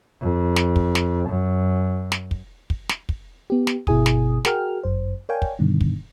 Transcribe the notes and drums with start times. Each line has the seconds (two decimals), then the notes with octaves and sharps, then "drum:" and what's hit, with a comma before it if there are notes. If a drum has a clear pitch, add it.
0.21 F2
0.56 drum: snare
0.76 drum: kick
0.95 drum: snare
1.28 F#2
2.12 drum: snare
2.31 drum: kick
2.70 drum: kick
2.89 drum: snare
3.09 drum: kick
3.50 B3 G4
3.67 drum: snare
3.87 G1 B2 E4 G#4 G#5 D#6, drum: kick
4.06 drum: snare
4.45 F#4 G#4 A#4 G5 F6, drum: snare
4.83 G1 F#2 C5
5.29 A#4 C#5 D5 F5 G5 G#5
5.42 drum: kick
5.59 G2 B2 D3 D#3
5.81 drum: kick